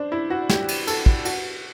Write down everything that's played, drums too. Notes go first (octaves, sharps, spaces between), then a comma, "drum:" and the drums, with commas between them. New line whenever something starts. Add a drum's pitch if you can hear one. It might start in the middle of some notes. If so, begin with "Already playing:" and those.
Already playing: D4 C5
E4
F#4
G4, drum: snare
drum: cymbal
A4, drum: cymbal
drum: kick
F#4, drum: cymbal